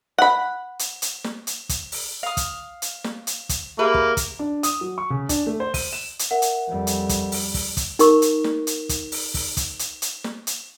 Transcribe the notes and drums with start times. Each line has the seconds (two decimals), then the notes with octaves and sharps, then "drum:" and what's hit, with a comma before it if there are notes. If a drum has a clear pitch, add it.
0.18 F#5 B5
0.79 drum: hi-hat
1.02 drum: hi-hat
1.24 drum: snare
1.47 drum: hi-hat
1.69 drum: kick, hi-hat
1.92 drum: open hi-hat
2.23 F5 D#6
2.37 drum: kick, hi-hat
2.82 drum: hi-hat
3.04 drum: snare
3.27 drum: hi-hat
3.49 drum: kick, hi-hat
3.79 A#3 G4 G#4 B4 E5
3.94 drum: kick
4.17 drum: kick, hi-hat
4.39 D4
4.63 D#6, drum: hi-hat
4.81 F#3
4.98 C#6
5.10 C#3
5.29 D4, drum: kick, hi-hat
5.47 A3
5.60 C5
5.74 D#7, drum: kick, open hi-hat
5.93 E7
6.19 drum: hi-hat
6.31 A#4 E5 F#5
6.42 drum: hi-hat
6.68 F2 G3
6.87 drum: hi-hat
7.09 drum: kick, hi-hat
7.32 drum: open hi-hat
7.54 drum: kick, open hi-hat
7.77 drum: kick, hi-hat
7.99 D#4 A#4 C#6, drum: hi-hat
8.22 drum: hi-hat
8.44 drum: snare
8.67 drum: hi-hat
8.89 drum: kick, hi-hat
9.12 drum: open hi-hat
9.34 drum: kick, open hi-hat
9.57 drum: kick, hi-hat
9.79 drum: hi-hat
10.02 drum: hi-hat
10.24 drum: snare
10.47 drum: hi-hat